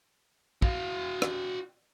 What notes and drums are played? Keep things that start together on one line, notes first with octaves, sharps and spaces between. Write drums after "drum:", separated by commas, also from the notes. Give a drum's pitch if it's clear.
F#4 F5, drum: kick
drum: rim click